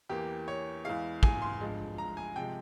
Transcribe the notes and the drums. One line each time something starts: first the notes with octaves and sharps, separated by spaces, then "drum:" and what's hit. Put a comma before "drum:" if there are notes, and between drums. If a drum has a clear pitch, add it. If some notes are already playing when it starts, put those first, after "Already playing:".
E2 E3 A#3 G4
C#5
E2 E3 G#3 F5
G#5, drum: kick
C6
G2 F3 G#3
A#5
G#5
C3 F3 G#3 G5